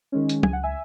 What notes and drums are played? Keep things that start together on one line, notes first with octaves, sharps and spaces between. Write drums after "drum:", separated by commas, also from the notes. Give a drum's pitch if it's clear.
D#3 G#3 C#4
drum: hi-hat
C#2 G#5, drum: tom
F#5
E5 G#5